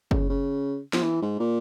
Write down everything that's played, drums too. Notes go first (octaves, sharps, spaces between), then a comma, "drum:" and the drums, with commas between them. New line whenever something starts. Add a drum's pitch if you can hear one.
C#3, drum: kick F#1
C#3
F3, drum: snare
E3
G#2
A#2